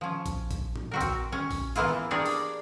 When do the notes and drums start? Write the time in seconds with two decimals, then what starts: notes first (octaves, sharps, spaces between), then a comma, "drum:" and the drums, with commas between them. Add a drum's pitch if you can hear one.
0.01 F3 C#4
0.26 drum: kick A1, hi-hat
0.51 drum: kick A1, hi-hat
0.76 drum: tom
0.91 C4 F#4 A#4
1.01 drum: kick A1, hi-hat
1.32 C#4
1.51 drum: kick A1, open hi-hat
1.76 E3 A#3 B3 E4 F4, drum: hi-hat
2.11 D4 G4 G#4 A#4 C#5 D5
2.26 drum: open hi-hat